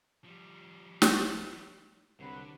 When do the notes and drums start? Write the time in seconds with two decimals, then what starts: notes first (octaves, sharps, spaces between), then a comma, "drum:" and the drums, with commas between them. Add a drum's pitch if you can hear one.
0.24 F3 G3
1.02 drum: snare
2.20 C2 D3 F#3 B4